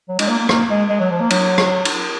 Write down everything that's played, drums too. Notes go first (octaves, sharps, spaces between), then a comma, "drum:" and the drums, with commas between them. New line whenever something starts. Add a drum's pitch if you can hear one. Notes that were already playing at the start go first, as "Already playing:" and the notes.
F#3
G#3, drum: cymbal
A#3
A#3
A#3, drum: rim click
G#3
G#3
F#3
F3
A#3
F#3, drum: cymbal
drum: rim click
drum: cymbal